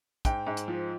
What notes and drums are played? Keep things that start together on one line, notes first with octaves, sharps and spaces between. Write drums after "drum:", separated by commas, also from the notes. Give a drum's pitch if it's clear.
G#2 G5, drum: kick, hi-hat
G#2
drum: hi-hat
F3